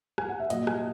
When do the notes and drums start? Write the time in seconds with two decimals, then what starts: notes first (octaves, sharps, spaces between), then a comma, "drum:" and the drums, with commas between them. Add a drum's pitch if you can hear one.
0.18 G#5, drum: rim click
0.29 F#5
0.40 E5
0.50 A#2 F#3 D#5, drum: hi-hat
0.67 G#5, drum: rim click